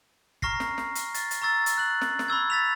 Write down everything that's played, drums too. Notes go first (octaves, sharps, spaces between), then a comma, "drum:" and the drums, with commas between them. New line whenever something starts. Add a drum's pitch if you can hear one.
A#5 C#6 F6 A#6 C7, drum: kick
drum: snare
drum: snare
drum: hi-hat
A6, drum: hi-hat
drum: hi-hat
A#5 C#6 E6 A6
drum: hi-hat
F#6 F#7
drum: snare
drum: snare
B5 C#6 E6 G#6
A6 B6 F7